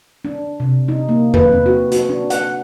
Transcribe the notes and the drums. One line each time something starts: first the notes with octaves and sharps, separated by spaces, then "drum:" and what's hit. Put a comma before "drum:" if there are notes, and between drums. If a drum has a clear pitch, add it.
D4
C3
D#4
A#3
B4, drum: tom E2
C4
F#4
F#4, drum: hi-hat
D4
F#5, drum: hi-hat